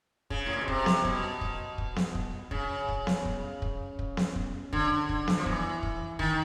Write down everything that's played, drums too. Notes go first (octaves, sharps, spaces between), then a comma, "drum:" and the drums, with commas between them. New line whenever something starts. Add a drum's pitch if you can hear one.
C#3, drum: kick
A2
A#2
B2
C3, drum: kick
drum: snare B3
B2, drum: kick
drum: kick
drum: kick
drum: snare B3
drum: kick
C#3, drum: kick
drum: kick
drum: snare B3
drum: kick
drum: kick
drum: kick
drum: snare B3
drum: kick
D3, drum: kick
drum: kick
drum: snare B3
F3
E3, drum: kick
drum: kick
D#3, drum: kick